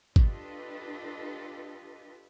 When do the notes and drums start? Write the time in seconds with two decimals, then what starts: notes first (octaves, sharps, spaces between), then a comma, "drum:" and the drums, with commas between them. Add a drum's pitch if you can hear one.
0.16 D4 F4 G4 A4 B4 D#5, drum: kick G#1